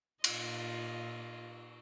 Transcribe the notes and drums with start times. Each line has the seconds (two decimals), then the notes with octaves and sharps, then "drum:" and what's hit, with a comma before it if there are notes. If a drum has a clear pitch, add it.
0.24 A#2 F4 D#5, drum: cymbal